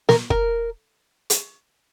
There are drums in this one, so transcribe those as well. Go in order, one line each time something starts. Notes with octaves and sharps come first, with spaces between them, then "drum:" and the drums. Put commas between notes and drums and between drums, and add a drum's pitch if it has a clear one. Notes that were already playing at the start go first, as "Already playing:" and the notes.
A#4, drum: snare
A#4, drum: kick
drum: hi-hat